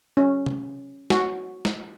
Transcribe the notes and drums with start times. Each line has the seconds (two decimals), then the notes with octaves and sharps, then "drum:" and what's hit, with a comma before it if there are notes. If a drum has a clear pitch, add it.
0.17 C#4
0.46 drum: tom C3
1.10 F#4, drum: snare
1.65 drum: snare